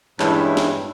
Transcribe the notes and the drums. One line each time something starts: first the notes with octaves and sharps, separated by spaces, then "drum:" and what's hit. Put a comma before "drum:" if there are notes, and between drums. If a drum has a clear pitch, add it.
G2 A#2 E3 G#3 C#4 E4, drum: clap
drum: snare